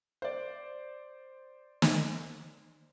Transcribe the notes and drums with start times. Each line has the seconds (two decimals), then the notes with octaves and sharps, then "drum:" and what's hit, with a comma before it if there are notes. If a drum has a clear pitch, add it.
0.22 C5 D5
1.82 drum: snare